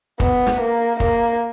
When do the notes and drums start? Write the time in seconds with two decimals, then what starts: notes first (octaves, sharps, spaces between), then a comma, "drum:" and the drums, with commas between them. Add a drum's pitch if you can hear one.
0.20 B3, drum: kick
0.47 drum: snare
0.60 A#3
1.00 A#3, drum: kick